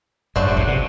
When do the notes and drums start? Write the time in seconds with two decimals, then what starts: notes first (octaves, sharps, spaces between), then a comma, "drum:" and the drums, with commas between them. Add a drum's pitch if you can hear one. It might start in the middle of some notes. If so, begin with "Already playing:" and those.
0.36 F#2 F#3 A3 D4 F#4 C5, drum: kick
0.46 G2
0.57 A2, drum: kick
0.67 C3